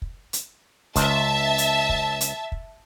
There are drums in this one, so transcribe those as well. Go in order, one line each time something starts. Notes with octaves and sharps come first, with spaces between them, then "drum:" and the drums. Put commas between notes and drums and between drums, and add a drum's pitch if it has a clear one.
drum: kick
drum: hi-hat
C#2 E5 A5, drum: kick, hi-hat
drum: hi-hat
drum: kick
drum: hi-hat
drum: kick